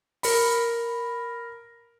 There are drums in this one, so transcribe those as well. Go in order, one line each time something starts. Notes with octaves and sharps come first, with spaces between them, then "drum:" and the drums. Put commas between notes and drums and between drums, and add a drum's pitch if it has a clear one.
A#4 B5, drum: open hi-hat